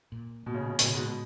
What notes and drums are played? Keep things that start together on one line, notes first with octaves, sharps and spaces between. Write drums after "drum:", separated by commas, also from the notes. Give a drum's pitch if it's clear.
A#2
B2 A#3
C#3
B2
C#3
B2, drum: hi-hat
A#2 C#3
G#2 B2
B2